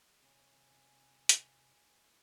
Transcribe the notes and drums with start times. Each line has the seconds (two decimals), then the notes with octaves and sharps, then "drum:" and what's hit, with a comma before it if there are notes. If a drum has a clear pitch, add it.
0.23 C3 C#5 G#5
1.29 drum: hi-hat